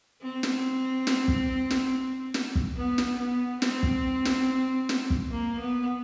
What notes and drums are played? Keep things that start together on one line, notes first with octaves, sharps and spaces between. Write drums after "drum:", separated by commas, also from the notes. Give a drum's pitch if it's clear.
C4
drum: snare
drum: snare
drum: kick
drum: snare
drum: snare
drum: kick
B3
drum: snare
B3
C4, drum: snare
drum: kick
drum: snare
drum: snare
drum: kick
A#3
B3